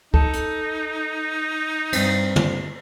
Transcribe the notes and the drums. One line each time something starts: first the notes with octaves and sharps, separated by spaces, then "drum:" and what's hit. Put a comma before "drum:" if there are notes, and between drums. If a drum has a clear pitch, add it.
D#4 A4, drum: kick
drum: hi-hat
G2 C4, drum: cymbal
drum: tom